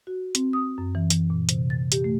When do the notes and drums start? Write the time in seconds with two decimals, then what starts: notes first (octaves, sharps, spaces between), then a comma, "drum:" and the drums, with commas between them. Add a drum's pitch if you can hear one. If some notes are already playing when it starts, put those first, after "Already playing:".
0.07 F#4
0.35 C4, drum: hi-hat
0.53 D#6
0.78 F#2
0.95 E3
1.10 E3, drum: hi-hat
1.30 A#2
1.49 C3, drum: hi-hat
1.70 A6
1.92 G4, drum: hi-hat
2.04 A3